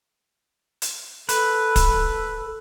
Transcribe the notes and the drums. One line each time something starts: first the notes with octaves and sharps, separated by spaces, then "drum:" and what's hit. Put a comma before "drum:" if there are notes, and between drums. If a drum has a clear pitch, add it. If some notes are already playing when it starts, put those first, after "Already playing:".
drum: hi-hat
A4 B4, drum: hi-hat
drum: kick, hi-hat